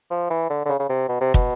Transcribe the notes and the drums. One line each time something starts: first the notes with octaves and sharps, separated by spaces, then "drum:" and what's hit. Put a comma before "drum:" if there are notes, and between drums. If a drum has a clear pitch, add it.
F3
E3
D3
D3
C#3
C#3
C3
B2
C3
B2, drum: kick